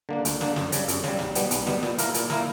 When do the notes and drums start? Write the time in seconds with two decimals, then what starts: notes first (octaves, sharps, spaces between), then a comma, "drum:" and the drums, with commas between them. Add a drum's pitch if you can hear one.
0.09 D3 A#3 D4
0.25 D2, drum: hi-hat
0.41 D3 A#3 D4, drum: snare
0.56 F#2, drum: snare
0.72 C#3 G3, drum: hi-hat
0.88 F#2, drum: hi-hat
1.04 C#3 G3, drum: snare
1.19 B1, drum: snare
1.35 B2 G3 B3, drum: hi-hat
1.51 B1, drum: hi-hat
1.67 B2 G3 B3, drum: snare
1.83 A#2, drum: snare
1.98 A#3 E4 A#4, drum: hi-hat
2.14 A#2, drum: hi-hat
2.30 A#3 E4 A#4, drum: snare